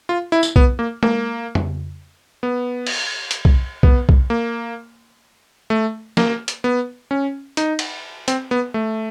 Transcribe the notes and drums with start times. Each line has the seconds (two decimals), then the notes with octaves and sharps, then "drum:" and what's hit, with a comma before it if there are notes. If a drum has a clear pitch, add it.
0.09 F4
0.32 E4
0.43 drum: tambourine
0.56 B3, drum: kick B1
0.79 A#3
1.03 A#3, drum: tom
1.55 drum: tom F2
2.43 B3
2.87 drum: cymbal
3.31 drum: hi-hat
3.45 drum: kick B1
3.83 B3, drum: kick B1
4.09 drum: kick B1
4.30 A#3
5.70 A3
6.17 A#3, drum: snare
6.48 drum: hi-hat
6.64 B3
7.11 C#4
7.57 D#4, drum: hi-hat
7.79 drum: cymbal
8.28 C4, drum: hi-hat
8.51 B3
8.74 A3